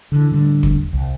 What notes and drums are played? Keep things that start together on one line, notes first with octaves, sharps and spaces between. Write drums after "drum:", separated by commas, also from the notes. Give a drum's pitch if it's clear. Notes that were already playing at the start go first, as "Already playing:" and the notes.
D3 E3
A2 D3 G3
drum: kick
C2